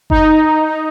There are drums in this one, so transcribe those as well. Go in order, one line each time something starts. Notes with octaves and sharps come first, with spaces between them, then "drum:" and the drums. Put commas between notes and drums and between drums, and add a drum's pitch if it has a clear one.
D#4, drum: kick F#1